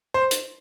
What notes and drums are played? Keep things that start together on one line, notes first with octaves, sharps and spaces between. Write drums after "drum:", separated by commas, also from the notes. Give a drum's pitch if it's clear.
C5
drum: hi-hat